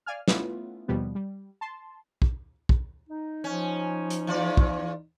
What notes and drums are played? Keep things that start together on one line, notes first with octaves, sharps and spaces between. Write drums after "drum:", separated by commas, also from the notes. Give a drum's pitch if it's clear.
D5 F5 G#5 F6
A3 B3 C#4 E4 F4, drum: snare
D#2 B2 F3 G3 B3
G3
A5 C6
drum: kick
drum: kick
D#4
F3 C#4
drum: hi-hat
E2 F4 D5
drum: kick